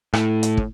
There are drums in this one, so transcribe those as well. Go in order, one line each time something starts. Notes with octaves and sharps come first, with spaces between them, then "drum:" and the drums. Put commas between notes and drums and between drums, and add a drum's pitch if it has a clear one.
A2, drum: rim click
drum: hi-hat
drum: kick